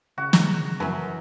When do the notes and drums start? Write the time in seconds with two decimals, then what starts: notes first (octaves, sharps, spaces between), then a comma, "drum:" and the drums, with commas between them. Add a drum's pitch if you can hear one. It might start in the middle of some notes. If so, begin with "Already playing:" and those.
0.18 C#3 F#4
0.33 drum: snare
0.80 F#2 E3 F#3